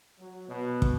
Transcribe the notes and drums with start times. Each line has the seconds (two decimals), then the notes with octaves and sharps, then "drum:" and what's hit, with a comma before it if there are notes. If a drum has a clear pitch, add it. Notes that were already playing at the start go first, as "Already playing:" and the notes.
0.19 F#3
0.49 B2
0.82 drum: kick